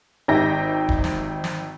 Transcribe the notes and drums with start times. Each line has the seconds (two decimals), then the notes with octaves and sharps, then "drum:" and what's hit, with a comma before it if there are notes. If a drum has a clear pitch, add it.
0.28 G#1 D#4 G4 E5 G5 A#6
0.89 drum: kick D#1
1.04 drum: snare
1.44 drum: snare